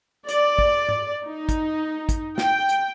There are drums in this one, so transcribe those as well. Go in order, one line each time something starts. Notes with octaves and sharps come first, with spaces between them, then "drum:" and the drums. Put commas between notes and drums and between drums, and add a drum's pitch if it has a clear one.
D5, drum: hi-hat
drum: kick
drum: tom G#2
D#4
drum: kick, hi-hat
drum: kick, hi-hat
G5, drum: snare
drum: hi-hat